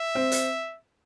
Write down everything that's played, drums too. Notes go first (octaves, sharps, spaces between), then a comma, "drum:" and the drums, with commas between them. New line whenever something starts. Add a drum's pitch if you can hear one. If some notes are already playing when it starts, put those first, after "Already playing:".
Already playing: E5
C4
drum: hi-hat